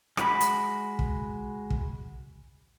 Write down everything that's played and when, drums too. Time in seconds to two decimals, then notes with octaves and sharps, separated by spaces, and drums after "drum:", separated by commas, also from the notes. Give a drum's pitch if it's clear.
0.17 G#3 F#4 B5, drum: rim click
0.40 drum: hi-hat
0.99 drum: kick
1.70 drum: kick